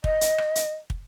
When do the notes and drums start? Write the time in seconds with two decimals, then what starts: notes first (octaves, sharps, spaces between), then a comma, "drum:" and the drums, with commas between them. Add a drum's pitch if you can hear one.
0.04 D#5, drum: kick
0.21 drum: hi-hat
0.38 drum: rim click
0.55 drum: hi-hat
0.90 drum: kick